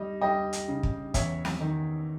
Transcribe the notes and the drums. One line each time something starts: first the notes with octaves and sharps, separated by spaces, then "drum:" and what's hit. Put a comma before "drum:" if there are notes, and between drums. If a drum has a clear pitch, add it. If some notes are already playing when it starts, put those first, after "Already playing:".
Already playing: G3 D#5
G3 D#5 G5
drum: hi-hat
C#3
drum: kick
E2 C#5 E5, drum: kick, hi-hat
drum: snare
D#3